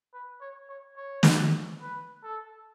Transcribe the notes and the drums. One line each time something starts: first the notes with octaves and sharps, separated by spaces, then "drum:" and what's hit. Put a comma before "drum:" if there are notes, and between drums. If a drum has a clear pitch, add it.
B4
C#5
C#5
C#5
drum: snare
B4
A4